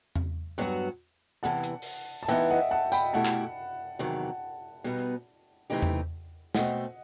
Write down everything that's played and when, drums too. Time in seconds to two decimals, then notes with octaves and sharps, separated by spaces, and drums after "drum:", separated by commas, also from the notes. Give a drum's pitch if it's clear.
0.16 drum: tom E2
0.58 G2 F#3 B3 F#4
1.43 E2 C3 E3 F#5 A5
1.63 drum: hi-hat
1.82 drum: open hi-hat
2.23 A5
2.28 E3 B3 D#4 E5 G5
2.50 D#5 F#5
2.71 F#5 A5
2.92 G5 B5, drum: tambourine
3.13 B2 A3 E4 G4 F#5 A5
3.25 drum: clap
3.99 E2 C3 D#3 F#3
4.84 B2 G3 B3 D#4
5.70 C3 E3 A3 D#4 G4
5.82 drum: tom E2
6.55 B2 A3 C4 D#5 F#5, drum: snare